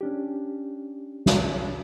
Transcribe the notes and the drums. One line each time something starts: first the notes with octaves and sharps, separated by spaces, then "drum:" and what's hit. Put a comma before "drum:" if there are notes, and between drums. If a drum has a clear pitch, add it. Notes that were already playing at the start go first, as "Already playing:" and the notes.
C#4 D4 G4
drum: snare